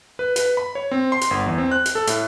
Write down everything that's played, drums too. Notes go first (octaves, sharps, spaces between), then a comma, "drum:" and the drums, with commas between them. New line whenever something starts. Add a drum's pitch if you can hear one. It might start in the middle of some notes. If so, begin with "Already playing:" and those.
B4
B4, drum: hi-hat
B5
C#5
C4
C6
drum: hi-hat
G1
E2
C4
F#6
drum: hi-hat
A4
A2, drum: hi-hat